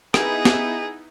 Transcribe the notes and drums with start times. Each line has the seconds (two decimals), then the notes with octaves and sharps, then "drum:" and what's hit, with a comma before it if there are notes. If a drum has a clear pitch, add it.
0.14 B3 D#4 E4 G#4, drum: rim click
0.45 drum: snare